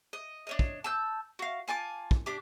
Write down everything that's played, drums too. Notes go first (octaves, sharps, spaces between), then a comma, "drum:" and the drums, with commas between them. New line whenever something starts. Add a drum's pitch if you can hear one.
D#5
D4 C#5 D#5
drum: kick
A5 E6 G6
F#4 F5
F4 G#5 A5 D6
drum: kick
D4 G4 D6